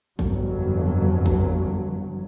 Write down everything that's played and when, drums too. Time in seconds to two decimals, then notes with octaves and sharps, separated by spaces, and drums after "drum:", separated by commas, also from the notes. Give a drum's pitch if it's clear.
0.19 G1 F2 F#3, drum: kick
1.26 drum: kick